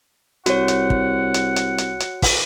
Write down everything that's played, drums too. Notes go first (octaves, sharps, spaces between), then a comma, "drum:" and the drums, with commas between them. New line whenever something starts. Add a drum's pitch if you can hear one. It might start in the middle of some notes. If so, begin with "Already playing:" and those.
C2 F#4 C#5 F#5, drum: hi-hat
drum: hi-hat
drum: kick
drum: hi-hat
drum: hi-hat
drum: hi-hat
drum: hi-hat
drum: kick, open hi-hat